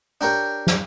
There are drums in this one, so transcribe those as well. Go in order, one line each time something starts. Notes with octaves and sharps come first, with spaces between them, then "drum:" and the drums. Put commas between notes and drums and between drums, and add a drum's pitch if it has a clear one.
D4 G4 A#4 C#5 G5
drum: snare